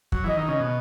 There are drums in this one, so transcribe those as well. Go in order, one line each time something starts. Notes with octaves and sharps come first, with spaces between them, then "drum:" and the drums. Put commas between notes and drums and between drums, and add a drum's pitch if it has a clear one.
F#3, drum: kick
E3 D#5
D#3
C#3
B2